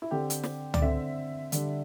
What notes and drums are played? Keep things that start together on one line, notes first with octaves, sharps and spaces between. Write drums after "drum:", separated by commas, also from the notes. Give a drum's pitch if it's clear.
E4
D3 C4 G4 A4
drum: hi-hat
drum: snare
D5, drum: tom C#2
D3 C4 A4 E5
D3 G3 D4, drum: hi-hat